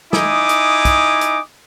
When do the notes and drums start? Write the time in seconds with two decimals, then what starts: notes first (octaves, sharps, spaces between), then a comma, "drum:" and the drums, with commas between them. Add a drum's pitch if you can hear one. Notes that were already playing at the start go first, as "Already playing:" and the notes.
0.13 D#4 E4 G#5 D6 D#6, drum: snare
0.49 drum: hi-hat
0.85 drum: kick, hi-hat
1.21 drum: hi-hat